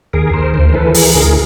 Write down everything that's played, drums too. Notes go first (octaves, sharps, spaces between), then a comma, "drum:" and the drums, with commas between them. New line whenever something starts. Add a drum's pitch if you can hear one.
D#2 G#4 A#4
D#2 A#4 C5
D2 A#4 C5
C5
E3 A4 B4
E3 G#4 A#4, drum: open hi-hat
D2 G#4 A#4